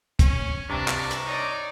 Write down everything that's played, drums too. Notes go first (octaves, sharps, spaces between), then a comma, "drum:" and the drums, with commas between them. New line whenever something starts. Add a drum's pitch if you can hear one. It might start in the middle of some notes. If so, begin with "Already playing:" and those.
C#4, drum: kick, hi-hat
G2 C3 D4 A#5 C#6 D6
drum: clap
drum: hi-hat
D#4 C#5 D5